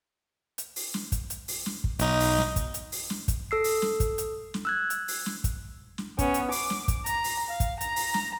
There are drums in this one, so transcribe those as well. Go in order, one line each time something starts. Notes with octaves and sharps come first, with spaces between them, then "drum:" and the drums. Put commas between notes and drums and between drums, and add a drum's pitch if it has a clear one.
drum: hi-hat
drum: open hi-hat
drum: snare
drum: kick, hi-hat
drum: hi-hat
drum: open hi-hat
drum: snare
drum: kick
B1 D#4, drum: hi-hat
drum: open hi-hat
drum: snare
drum: kick, hi-hat
drum: hi-hat
drum: open hi-hat
drum: snare
drum: kick, hi-hat
A4 E6 C7
drum: open hi-hat
drum: snare
drum: kick, hi-hat
drum: hi-hat
drum: snare
E6 F#6 G#6
drum: hi-hat
drum: open hi-hat
drum: snare
drum: kick, hi-hat
drum: snare
B3 C#4, drum: kick, hi-hat
drum: hi-hat
D6, drum: open hi-hat
drum: snare
drum: kick, hi-hat
A#5, drum: hi-hat
drum: open hi-hat
F5
drum: kick, hi-hat
A#5, drum: hi-hat
drum: open hi-hat
drum: snare